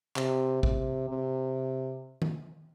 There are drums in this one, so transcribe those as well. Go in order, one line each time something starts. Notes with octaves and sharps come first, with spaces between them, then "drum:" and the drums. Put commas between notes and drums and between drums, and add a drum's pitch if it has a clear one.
C3, drum: clap
C3, drum: kick A1
C3
drum: tom D#3